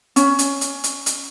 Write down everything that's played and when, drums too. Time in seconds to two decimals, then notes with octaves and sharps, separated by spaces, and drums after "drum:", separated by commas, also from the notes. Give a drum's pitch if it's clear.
0.16 C#4, drum: hi-hat
0.39 drum: hi-hat
0.61 drum: hi-hat
0.84 drum: hi-hat
1.06 drum: hi-hat